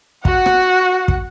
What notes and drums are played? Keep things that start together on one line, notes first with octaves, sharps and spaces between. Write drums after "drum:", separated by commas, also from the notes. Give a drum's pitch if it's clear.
F#4 F#5, drum: kick
drum: rim click
drum: kick